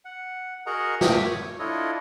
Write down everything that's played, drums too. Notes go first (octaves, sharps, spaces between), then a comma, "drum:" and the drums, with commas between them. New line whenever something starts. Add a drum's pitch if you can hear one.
F#5
F#4 G#4 A#4 D#5 F#5 A#5
E5 G5 D6 D#6, drum: snare
C#5
D4 E4 F4 A4 C#5 D#5